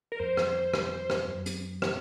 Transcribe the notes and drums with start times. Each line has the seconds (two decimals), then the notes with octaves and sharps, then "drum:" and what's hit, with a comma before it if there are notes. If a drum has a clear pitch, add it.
0.12 A#4
0.19 F2 C5
0.37 drum: rim click
0.74 drum: rim click
1.10 drum: rim click
1.27 F#2
1.46 drum: hi-hat
1.82 drum: rim click